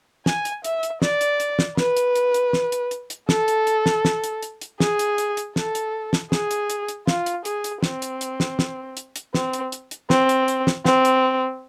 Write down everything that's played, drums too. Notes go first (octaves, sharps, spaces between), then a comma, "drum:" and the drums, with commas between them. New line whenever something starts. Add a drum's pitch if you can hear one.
G#5, drum: snare
drum: hi-hat
E5, drum: hi-hat
drum: hi-hat
D5, drum: snare
drum: hi-hat
drum: hi-hat
drum: snare
B4, drum: snare
drum: hi-hat
drum: hi-hat
drum: hi-hat
drum: snare
drum: hi-hat
drum: hi-hat
drum: hi-hat
A4, drum: snare
drum: hi-hat
drum: hi-hat
drum: snare
drum: snare
drum: hi-hat
drum: hi-hat
drum: hi-hat
G#4, drum: snare
drum: hi-hat
drum: hi-hat
drum: hi-hat
A4, drum: snare
drum: hi-hat
drum: snare
G#4, drum: snare
drum: hi-hat
drum: hi-hat
drum: hi-hat
F4, drum: snare
drum: hi-hat
G#4, drum: hi-hat
drum: hi-hat
C4, drum: snare
drum: hi-hat
drum: hi-hat
drum: snare
drum: snare
drum: hi-hat
drum: hi-hat
C4, drum: snare
drum: hi-hat
drum: hi-hat
drum: hi-hat
C4, drum: snare
drum: hi-hat
drum: hi-hat
drum: snare
C4, drum: snare
drum: hi-hat